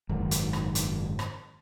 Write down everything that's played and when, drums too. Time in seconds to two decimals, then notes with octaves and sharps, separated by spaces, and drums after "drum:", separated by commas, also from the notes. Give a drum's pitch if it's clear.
0.09 F#1 G#2 D#3 F#3
0.31 drum: hi-hat
0.53 drum: rim click
0.75 drum: hi-hat
1.19 drum: rim click